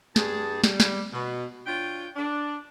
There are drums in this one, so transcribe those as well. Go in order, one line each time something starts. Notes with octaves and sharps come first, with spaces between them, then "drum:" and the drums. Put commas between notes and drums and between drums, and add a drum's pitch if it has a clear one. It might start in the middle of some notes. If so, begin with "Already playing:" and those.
G2 G#4 A5, drum: snare
G3, drum: snare
drum: snare
B2
D4 F4 C#5 G5
D4